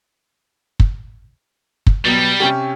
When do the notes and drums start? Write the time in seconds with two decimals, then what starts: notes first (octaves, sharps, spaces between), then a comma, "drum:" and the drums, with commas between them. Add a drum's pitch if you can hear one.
0.80 drum: kick
1.87 drum: kick
2.05 B2 F#3 G3 B3
2.40 C3 C#4 G4